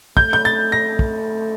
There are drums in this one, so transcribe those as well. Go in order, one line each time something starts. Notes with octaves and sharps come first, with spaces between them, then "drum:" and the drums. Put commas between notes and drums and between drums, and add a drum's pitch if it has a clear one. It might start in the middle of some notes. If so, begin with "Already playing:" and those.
A3 G6, drum: kick
G6
A6
A#6
drum: kick